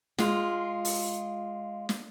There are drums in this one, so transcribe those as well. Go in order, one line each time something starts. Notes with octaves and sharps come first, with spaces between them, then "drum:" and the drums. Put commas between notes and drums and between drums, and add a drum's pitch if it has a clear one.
G#3 F4, drum: snare
drum: open hi-hat
drum: snare